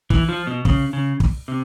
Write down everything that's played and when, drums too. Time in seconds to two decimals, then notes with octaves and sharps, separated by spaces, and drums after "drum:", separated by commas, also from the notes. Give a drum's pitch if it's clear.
0.10 E3, drum: kick
0.29 F3
0.47 B2
0.65 C#3, drum: kick
0.93 C#3
1.20 drum: kick
1.48 C3